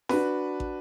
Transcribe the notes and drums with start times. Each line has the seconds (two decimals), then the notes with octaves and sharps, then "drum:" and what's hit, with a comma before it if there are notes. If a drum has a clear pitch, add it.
0.09 D4 F#4 B4, drum: snare
0.60 drum: kick